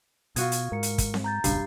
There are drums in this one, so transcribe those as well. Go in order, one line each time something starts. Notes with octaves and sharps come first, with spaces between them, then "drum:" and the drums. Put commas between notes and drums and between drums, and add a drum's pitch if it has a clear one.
B2 F4 F#4 D#5 G#6, drum: hi-hat
drum: hi-hat
G#2 A#4 C#7
drum: hi-hat
drum: kick, hi-hat
drum: snare C4
A#5 G6 A6
E1 A#1 G2 C#3 C7, drum: hi-hat